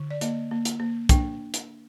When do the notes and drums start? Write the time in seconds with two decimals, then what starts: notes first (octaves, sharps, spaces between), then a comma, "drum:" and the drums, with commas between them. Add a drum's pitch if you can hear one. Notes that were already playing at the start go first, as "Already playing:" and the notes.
Already playing: D3
0.11 D5
0.21 A#3 D#5, drum: hi-hat
0.51 A#3
0.65 drum: hi-hat
0.80 A#3
1.09 D4 G5, drum: kick, hi-hat
1.54 drum: hi-hat